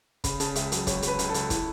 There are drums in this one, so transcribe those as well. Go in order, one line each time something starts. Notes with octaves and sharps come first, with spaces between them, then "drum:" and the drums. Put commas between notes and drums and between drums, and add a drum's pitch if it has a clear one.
C#3 B5, drum: kick, hi-hat
C#3 A5, drum: hi-hat
C#2 E5, drum: hi-hat
F#3, drum: hi-hat
C#2 C#5, drum: kick, hi-hat
F#3, drum: hi-hat
B4
C#2, drum: hi-hat
A4
C#2, drum: hi-hat
E4, drum: kick, hi-hat